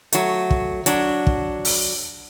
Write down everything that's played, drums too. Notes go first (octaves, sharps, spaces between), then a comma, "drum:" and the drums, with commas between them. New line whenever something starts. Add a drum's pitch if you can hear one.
F#3 A3, drum: hi-hat
drum: kick
F#3 D4, drum: hi-hat
drum: kick
drum: open hi-hat